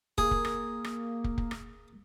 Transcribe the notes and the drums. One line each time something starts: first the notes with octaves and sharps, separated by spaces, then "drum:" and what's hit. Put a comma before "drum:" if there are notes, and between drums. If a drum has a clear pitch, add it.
A#3 G#4, drum: kick
drum: kick
drum: rim click
drum: rim click
drum: kick
drum: kick
drum: rim click